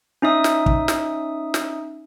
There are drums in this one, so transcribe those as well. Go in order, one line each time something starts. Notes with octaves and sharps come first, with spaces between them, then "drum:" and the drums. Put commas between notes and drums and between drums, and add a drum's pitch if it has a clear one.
C#4 D#4 E5 D#6
drum: snare
drum: kick
drum: snare
drum: snare